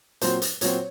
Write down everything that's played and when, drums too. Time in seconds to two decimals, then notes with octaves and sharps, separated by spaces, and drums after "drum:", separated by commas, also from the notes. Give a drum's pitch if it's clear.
0.21 A#2 F#3 C4 C5, drum: hi-hat
0.42 drum: hi-hat
0.61 A#2 F#3 C4 C#5, drum: hi-hat